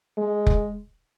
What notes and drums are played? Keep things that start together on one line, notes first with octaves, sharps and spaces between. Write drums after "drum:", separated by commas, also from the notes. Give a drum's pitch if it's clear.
G#3
drum: kick F1